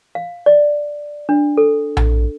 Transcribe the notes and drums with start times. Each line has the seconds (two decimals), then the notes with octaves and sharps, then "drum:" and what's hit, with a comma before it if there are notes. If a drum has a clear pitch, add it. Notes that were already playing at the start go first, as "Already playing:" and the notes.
0.15 F5
0.46 D5
1.29 D4
1.57 A4
1.97 drum: tom A#1